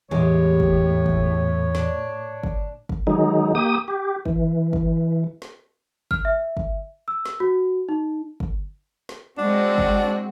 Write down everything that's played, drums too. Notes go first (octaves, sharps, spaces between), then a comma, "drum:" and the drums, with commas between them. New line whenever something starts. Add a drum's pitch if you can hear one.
E2 A2 G#3 G4 C#5
drum: kick
drum: kick
D4, drum: snare
drum: kick
drum: kick
D#3 F#3 G#3 D#4
A#3 G4 D#6
G4
E3, drum: kick
drum: kick
drum: snare
F6, drum: kick
E5
drum: kick
E6
drum: snare
F#4
D#4
drum: kick
drum: snare
G#3 C4 D4 F#4
drum: kick